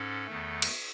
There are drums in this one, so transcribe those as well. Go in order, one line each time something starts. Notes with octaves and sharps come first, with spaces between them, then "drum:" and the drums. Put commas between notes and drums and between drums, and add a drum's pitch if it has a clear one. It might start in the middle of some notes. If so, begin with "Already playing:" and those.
Already playing: G#2 C#4 A4
E2 D#3 A3
drum: cymbal